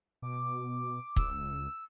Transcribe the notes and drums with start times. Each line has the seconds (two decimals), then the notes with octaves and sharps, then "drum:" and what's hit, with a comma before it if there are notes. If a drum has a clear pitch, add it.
0.22 B2 D6
1.16 C#2 E6, drum: kick